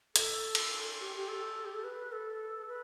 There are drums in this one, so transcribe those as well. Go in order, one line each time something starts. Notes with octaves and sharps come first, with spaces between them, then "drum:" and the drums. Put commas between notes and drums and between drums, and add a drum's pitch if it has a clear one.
A4, drum: hi-hat
drum: cymbal
G4
G4
A4
G4
A4
B4
A4
B4